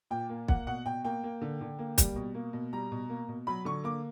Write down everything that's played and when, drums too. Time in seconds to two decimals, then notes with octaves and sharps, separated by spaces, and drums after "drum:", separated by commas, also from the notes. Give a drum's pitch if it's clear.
0.11 A#2 G5
0.29 A#3
0.48 A#3 F#5, drum: kick
0.67 B2 F#5
0.86 B2 G5
1.05 A#3 G5
1.24 A#3
1.42 D3
1.61 D3
1.79 A#3
1.98 G3, drum: kick, hi-hat
2.16 B2
2.34 A#3
2.53 B2
2.73 G3 A#5
2.92 B2
3.09 A#3
3.29 B2
3.47 F#3 B5
3.65 D3 C#6
3.84 A#3 D6